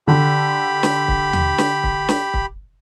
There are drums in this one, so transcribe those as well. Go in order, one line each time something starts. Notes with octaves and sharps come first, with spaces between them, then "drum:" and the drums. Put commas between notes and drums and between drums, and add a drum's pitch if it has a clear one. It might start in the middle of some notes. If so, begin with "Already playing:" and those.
D3 G4 B5
drum: snare
drum: kick
drum: tom D#2
drum: snare
drum: kick
drum: snare
drum: kick